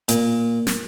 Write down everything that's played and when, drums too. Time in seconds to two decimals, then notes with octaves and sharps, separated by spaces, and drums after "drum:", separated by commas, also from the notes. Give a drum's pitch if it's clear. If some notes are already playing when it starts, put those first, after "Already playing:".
0.09 A#2, drum: hi-hat
0.67 drum: snare